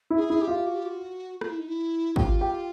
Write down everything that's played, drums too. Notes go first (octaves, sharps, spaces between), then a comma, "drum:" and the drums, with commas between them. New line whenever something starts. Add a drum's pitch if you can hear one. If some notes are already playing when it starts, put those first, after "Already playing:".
E4
G#4
E4
G4
F4
F#4
G4
F#4
F4, drum: rim click
E4
D#4
E4
F4 G4, drum: kick
G4